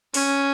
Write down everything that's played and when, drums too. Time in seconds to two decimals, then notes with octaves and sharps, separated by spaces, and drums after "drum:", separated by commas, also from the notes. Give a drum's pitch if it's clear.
0.14 C#4, drum: open hi-hat